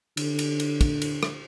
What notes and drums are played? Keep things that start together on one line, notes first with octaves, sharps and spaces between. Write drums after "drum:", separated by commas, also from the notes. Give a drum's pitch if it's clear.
D3, drum: cymbal
drum: cymbal
drum: cymbal
drum: kick, cymbal
drum: cymbal
drum: rim click